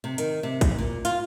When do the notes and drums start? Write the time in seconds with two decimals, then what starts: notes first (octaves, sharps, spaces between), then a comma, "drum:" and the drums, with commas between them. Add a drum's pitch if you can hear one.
0.04 C3
0.18 D#3, drum: hi-hat
0.43 C3
0.61 drum: kick, hi-hat
0.78 A#2
1.05 F4, drum: hi-hat